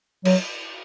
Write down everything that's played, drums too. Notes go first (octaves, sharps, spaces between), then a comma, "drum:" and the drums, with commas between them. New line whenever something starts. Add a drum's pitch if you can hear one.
F#3, drum: cymbal